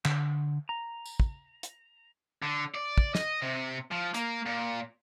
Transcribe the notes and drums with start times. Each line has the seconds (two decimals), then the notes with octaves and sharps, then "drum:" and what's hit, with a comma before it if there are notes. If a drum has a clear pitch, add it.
0.05 D3, drum: clap
0.69 A#5
1.05 drum: tambourine
1.20 drum: kick
1.63 drum: hi-hat
2.42 D3
2.75 D5
2.98 drum: kick
3.15 D#5, drum: snare
3.42 C3
3.91 F3
4.14 A#3, drum: hi-hat
4.46 A#2